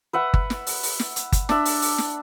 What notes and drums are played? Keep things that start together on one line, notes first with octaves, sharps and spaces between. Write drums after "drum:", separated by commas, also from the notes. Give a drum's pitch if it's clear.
B4 E5 F#5
drum: kick G1
drum: snare
drum: open hi-hat
drum: open hi-hat
drum: snare
drum: hi-hat
drum: kick G1, hi-hat
D4 E5, drum: snare
drum: open hi-hat
drum: open hi-hat
drum: snare